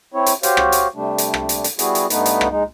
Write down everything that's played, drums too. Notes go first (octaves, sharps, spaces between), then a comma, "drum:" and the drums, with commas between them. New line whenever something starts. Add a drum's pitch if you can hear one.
C4 E4 C#5
drum: hi-hat
F#4 G4 C5 C#5 F5, drum: hi-hat
drum: rim click
drum: hi-hat
C3 G3 A3 D4
drum: hi-hat
drum: rim click
drum: hi-hat
drum: hi-hat
G3 B3 E4 F#4 G#4, drum: hi-hat
drum: hi-hat
G2 A3 B3 D#4 B4, drum: hi-hat
drum: hi-hat
drum: rim click
G#3 D#4